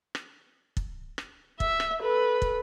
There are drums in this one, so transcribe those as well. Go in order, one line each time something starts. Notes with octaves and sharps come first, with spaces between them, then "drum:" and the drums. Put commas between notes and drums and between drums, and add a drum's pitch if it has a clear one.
drum: rim click
drum: kick
drum: rim click
E5, drum: kick
drum: rim click
A4 B4
drum: kick